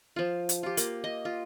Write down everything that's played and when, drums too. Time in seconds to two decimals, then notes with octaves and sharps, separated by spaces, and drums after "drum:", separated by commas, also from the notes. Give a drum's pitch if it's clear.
0.16 F3 F4
0.49 drum: hi-hat
0.63 F4 G4
0.77 A#3, drum: hi-hat
1.04 D#5
1.25 F4